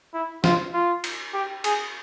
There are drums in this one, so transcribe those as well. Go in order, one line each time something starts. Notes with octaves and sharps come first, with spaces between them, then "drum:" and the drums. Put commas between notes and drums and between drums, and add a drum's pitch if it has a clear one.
E4
F4, drum: snare
F4
drum: cymbal
G4
G#4, drum: cymbal